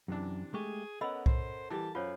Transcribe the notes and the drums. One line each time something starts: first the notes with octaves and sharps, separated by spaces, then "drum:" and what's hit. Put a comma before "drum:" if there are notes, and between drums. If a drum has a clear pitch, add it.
F#2 C3 E3 D4
G#3 A3 G4 G#4 C#6
B3 C#4 A4 A#4 D#5 F#5 B5 E6
C5, drum: kick C2
E3 G3 G4 A5
F#2 F4 C5 C#5 F5